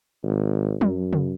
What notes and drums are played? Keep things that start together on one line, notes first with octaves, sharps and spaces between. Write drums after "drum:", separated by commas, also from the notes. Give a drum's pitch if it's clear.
G#1
F#2, drum: tom
drum: tom